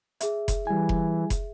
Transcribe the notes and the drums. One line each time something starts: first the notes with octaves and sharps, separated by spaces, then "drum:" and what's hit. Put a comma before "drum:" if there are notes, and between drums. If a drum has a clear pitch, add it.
G#4 E5, drum: hi-hat
drum: kick F1, hi-hat
E3 G3 G#5
drum: kick F1
drum: kick F1, hi-hat